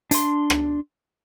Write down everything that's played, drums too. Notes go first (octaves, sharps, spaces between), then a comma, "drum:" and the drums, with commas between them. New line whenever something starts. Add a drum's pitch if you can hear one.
D4 C6, drum: hi-hat
drum: rim click